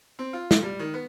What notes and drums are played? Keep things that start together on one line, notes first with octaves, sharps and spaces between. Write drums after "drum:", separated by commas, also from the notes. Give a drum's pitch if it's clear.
C4
F4
drum: snare
G3
D#3
B3